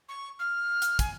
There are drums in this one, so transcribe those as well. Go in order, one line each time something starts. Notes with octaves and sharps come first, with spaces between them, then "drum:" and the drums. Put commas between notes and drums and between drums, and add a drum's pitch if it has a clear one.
C#6
F6
drum: hi-hat
G#5, drum: kick, hi-hat